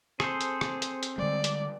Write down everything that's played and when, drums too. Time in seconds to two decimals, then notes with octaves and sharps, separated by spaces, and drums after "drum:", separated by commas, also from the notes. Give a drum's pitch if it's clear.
0.20 C4 G#4 A4 C5, drum: rim click
0.41 drum: hi-hat
0.61 drum: rim click
0.82 drum: hi-hat
1.03 drum: hi-hat
1.18 D3 G3 G#3 D5
1.44 drum: hi-hat